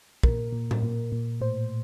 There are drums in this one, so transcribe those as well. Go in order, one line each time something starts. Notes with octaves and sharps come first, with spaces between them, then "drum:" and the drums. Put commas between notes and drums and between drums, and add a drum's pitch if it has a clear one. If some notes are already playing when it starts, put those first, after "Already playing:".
A#2 A#4, drum: kick
A#2
drum: tom A2
A#2
A#2
A2 C5